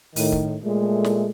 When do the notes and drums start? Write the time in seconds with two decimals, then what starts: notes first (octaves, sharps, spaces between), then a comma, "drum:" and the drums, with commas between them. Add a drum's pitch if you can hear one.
0.16 A2 D#3, drum: open hi-hat
0.32 drum: kick
0.63 A#2 G#3 A3
1.04 drum: snare